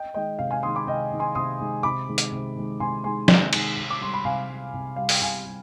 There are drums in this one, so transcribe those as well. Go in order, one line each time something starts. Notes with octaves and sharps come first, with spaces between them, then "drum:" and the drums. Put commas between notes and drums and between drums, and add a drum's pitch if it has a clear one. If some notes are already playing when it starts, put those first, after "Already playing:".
Already playing: D#5 G5
D#3 G#3 D#5 G5
C3 F5
F5 G#5
D#3 G#3 C6 D#6
B5 D6
C3 D#5 G5
D#3 G#3
G#5 C6
C3 C6 D#6
D#3 G#3
C3 B5 D6
D#3 G#3
drum: hi-hat
C3
D#3 G#3
C3 G#5 C6
D#3 G#3 G#5 C6
C3, drum: snare
D#3 G#3, drum: cymbal
C3
D6
G3 C6
B5
C3 F5 G#5
G3
C3
G3 F5
G5, drum: open hi-hat
C3 F5 G#5
G3